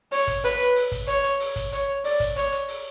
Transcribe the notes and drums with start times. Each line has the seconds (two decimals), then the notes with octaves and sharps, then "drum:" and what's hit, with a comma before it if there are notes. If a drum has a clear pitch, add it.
0.12 C#5, drum: open hi-hat
0.27 drum: kick, hi-hat
0.44 B4, drum: hi-hat
0.60 drum: hi-hat
0.76 drum: open hi-hat
0.92 drum: kick, hi-hat
1.07 C#5, drum: hi-hat
1.24 drum: hi-hat
1.40 drum: open hi-hat
1.56 drum: kick, hi-hat
1.72 C#5, drum: hi-hat
2.04 D5, drum: open hi-hat
2.20 drum: kick, hi-hat
2.36 C#5, drum: hi-hat
2.52 drum: hi-hat
2.68 drum: open hi-hat